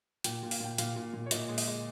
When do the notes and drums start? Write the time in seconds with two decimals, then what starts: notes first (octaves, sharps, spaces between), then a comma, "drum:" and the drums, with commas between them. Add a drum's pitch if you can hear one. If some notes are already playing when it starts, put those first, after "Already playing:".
0.24 A#2 G5, drum: hi-hat
0.43 A#2
0.51 F5, drum: open hi-hat
0.60 A#2 G5
0.78 A#2 F5, drum: hi-hat
0.96 A#2
1.13 A#2
1.26 C#5
1.31 A#2 D#5, drum: hi-hat
1.49 G#3
1.58 D#5, drum: open hi-hat
1.67 G#3